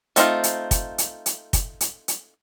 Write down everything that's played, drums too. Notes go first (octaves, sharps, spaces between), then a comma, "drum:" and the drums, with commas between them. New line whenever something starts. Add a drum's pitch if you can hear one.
A3 C4 D#4 F4, drum: hi-hat
drum: hi-hat
drum: kick, hi-hat
drum: hi-hat
drum: hi-hat
drum: kick, hi-hat
drum: hi-hat
drum: hi-hat